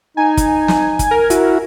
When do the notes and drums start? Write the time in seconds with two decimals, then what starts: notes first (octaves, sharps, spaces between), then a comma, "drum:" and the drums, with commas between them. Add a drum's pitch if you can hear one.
0.17 D#4 G#5
0.37 drum: kick, hi-hat
0.68 drum: snare
0.99 drum: kick, hi-hat
1.11 A#4
1.30 E4 F#4, drum: hi-hat